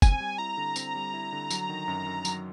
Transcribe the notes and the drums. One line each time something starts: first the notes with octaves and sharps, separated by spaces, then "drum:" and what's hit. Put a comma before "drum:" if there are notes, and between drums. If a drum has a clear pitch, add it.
C4 G#5, drum: kick, tambourine
G3
E4 A#5
D3
C4, drum: tambourine
G3
E4
D3
F#3, drum: tambourine
D#3
F#2
F#2
F#3, drum: tambourine